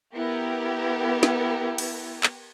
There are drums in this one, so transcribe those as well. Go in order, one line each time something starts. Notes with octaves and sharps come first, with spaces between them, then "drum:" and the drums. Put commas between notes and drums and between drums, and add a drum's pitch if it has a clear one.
B3 E4 G4 A#4
drum: snare
drum: cymbal
drum: clap